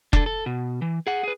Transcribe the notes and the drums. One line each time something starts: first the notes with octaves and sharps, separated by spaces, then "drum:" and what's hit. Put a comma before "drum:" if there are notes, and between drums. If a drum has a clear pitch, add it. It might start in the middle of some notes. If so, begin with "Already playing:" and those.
D4 A4, drum: kick F1
A4
B2
E3
G#4 F#5
G#4 B4